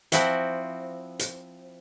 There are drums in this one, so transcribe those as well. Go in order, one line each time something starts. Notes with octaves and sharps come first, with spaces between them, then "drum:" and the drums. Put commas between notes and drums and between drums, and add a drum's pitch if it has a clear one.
F3 C4 E4 F#4 C5, drum: hi-hat
drum: hi-hat